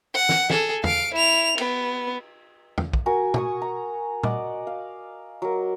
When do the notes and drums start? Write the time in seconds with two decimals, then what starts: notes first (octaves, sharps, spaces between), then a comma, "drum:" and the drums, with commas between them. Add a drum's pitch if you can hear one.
0.15 F#5
0.29 drum: snare
0.50 G#4 A4, drum: snare
0.84 F5 D7, drum: tom
1.14 E4 F7
1.58 B3, drum: cymbal
2.78 drum: tom
2.93 drum: kick
3.06 F#4 A#4 G#5
3.34 G#5 C#6 D#6, drum: tom B2
3.62 A#5
4.23 D5 D#5 F#5, drum: tom A#2
4.67 F5
5.42 F#3 A#4